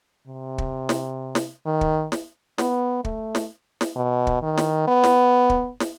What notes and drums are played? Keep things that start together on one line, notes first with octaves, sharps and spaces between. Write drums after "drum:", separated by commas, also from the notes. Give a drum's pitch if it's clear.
C3
drum: kick
drum: snare
drum: snare
D#3
drum: kick
drum: snare
B3, drum: snare
A3, drum: kick
drum: snare
drum: snare
B2
drum: kick
D#3
drum: snare
B3
drum: snare
drum: kick
drum: snare